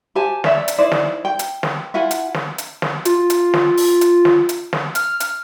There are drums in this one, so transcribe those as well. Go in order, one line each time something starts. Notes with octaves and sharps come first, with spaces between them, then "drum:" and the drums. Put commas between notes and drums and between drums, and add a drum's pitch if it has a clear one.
G4 C5 G#5 A5
C#5 D5 E5, drum: snare
drum: hi-hat
D#4 E4 C5 D5
drum: snare
G5
drum: hi-hat
drum: snare
E4 F4 F#5 G#5
drum: hi-hat
drum: snare
drum: hi-hat
drum: snare
F4, drum: hi-hat
drum: hi-hat
drum: snare
drum: open hi-hat
drum: hi-hat
drum: snare
drum: hi-hat
drum: snare
F6, drum: hi-hat
drum: hi-hat